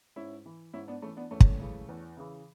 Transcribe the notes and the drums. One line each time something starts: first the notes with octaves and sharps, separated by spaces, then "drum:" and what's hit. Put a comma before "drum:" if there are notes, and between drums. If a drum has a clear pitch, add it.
G#2 C#4 E4
E3
G#2 C#4 E4
B3 D4
E3 A3 C#4
B3 D4
E2 A3 C#4
drum: kick
C#3 E3
E2
C#3 E3